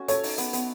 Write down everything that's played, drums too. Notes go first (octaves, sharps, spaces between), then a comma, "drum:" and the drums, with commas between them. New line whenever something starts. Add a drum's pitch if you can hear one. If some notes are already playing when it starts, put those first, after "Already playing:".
Already playing: A3 C#4 F#4
A4 C#5, drum: hi-hat
D#4, drum: open hi-hat
B3, drum: hi-hat
B3, drum: hi-hat